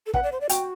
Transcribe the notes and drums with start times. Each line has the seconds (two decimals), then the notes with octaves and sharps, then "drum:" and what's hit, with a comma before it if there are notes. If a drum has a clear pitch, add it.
0.06 A4
0.14 B4 F#5, drum: kick
0.23 D5
0.32 C5
0.41 D5
0.49 F#4 G5, drum: hi-hat